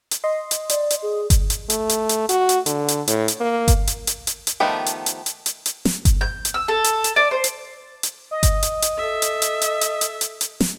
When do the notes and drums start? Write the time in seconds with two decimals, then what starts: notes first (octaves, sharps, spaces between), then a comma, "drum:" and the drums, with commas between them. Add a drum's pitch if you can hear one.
0.11 drum: hi-hat
0.24 D#5 C6
0.51 drum: hi-hat
0.69 D5, drum: hi-hat
0.90 drum: hi-hat
1.02 G#4
1.30 drum: kick G1, hi-hat
1.50 drum: hi-hat
1.70 A3, drum: hi-hat
1.89 drum: hi-hat
2.09 drum: hi-hat
2.29 F#4, drum: hi-hat
2.49 drum: hi-hat
2.66 D3, drum: hi-hat
2.88 drum: hi-hat
3.08 A2, drum: hi-hat
3.28 drum: hi-hat
3.40 A#3
3.68 drum: kick G1, hi-hat
3.87 drum: hi-hat
4.07 drum: hi-hat
4.27 drum: hi-hat
4.47 drum: hi-hat
4.60 D#3 F3 A3 B3 G4
4.86 drum: hi-hat
5.06 drum: hi-hat
5.26 drum: hi-hat
5.46 drum: hi-hat
5.66 drum: hi-hat
5.85 drum: snare
6.05 drum: kick G1, hi-hat
6.21 G6
6.45 drum: hi-hat
6.54 E6
6.68 A4
6.84 drum: hi-hat
7.04 drum: hi-hat
7.16 D5
7.31 C5
7.44 drum: hi-hat
8.03 drum: hi-hat
8.31 D#5
8.43 drum: kick G1, hi-hat
8.63 drum: hi-hat
8.82 drum: hi-hat
8.98 A4 E5
9.22 drum: hi-hat
9.42 drum: hi-hat
9.62 drum: hi-hat
9.81 drum: hi-hat
10.01 drum: hi-hat
10.21 drum: hi-hat
10.41 drum: hi-hat
10.60 drum: snare